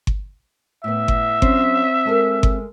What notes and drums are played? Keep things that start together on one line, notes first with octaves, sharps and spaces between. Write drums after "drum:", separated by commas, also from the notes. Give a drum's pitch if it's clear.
drum: kick G1
A2 B3 E5
drum: kick G1
F#3 C4 C#4 C5, drum: kick G1
G#3 A4 A#4
drum: kick G1